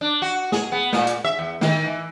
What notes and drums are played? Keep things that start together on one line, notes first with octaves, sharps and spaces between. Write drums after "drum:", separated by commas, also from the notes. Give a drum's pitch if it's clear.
D4
F#4
G#4, drum: snare
B3
A#2, drum: snare
drum: hi-hat
E5
E2
D#3, drum: snare
E3